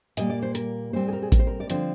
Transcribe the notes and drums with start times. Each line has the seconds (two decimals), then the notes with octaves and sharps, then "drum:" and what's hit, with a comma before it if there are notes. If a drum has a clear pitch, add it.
0.17 A#2 G3 A#3 D#5, drum: hi-hat
0.30 D5
0.42 C5
0.55 A#4, drum: hi-hat
0.93 A#2 G3 C4 C5
1.08 G#4
1.13 A#4
1.22 G#4
1.32 A#4, drum: kick A1, hi-hat
1.39 C5
1.47 A#4
1.60 D5
1.70 D3 F3 C4 C5, drum: hi-hat